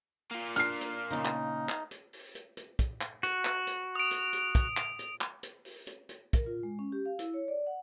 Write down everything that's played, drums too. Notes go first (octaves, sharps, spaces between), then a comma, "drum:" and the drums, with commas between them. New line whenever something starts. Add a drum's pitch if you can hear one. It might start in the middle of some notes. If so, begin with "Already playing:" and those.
A#3 F4
D4 F6 C7, drum: hi-hat
drum: hi-hat
A#2 C#3 D#4
drum: clap
drum: clap
drum: hi-hat
drum: open hi-hat
drum: hi-hat
drum: hi-hat
drum: kick, hi-hat
drum: clap
F#4, drum: hi-hat
drum: clap
drum: hi-hat
D#6 D7
drum: hi-hat
drum: hi-hat
drum: kick, hi-hat
drum: clap
drum: hi-hat
drum: clap
drum: hi-hat
drum: open hi-hat
drum: hi-hat
drum: hi-hat
A#4, drum: kick, hi-hat
F4
G#3
C#4
G4
F5
E4, drum: hi-hat
C#5
D5
F#5